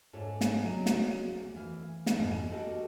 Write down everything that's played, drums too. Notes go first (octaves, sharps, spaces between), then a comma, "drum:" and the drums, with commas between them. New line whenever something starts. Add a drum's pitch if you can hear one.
G#2 D4 A4 C#5 E5
drum: snare
C#3 F#3 G#3
drum: snare
D2
E3 F5
drum: snare
F2 G#2 B2 E3 A3 D4
D4 F#4 G4 A4 D#5 F5